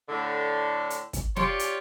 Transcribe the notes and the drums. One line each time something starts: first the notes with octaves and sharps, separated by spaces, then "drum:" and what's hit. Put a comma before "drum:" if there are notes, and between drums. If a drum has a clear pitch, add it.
A2 D3
drum: hi-hat
drum: kick, hi-hat
F4 G4 C#5 D5 F5, drum: snare
drum: hi-hat